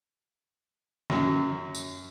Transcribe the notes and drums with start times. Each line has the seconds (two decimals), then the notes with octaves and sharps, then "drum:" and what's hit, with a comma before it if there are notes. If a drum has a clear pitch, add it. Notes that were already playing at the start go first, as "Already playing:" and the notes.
1.10 F#2, drum: snare
1.75 drum: tambourine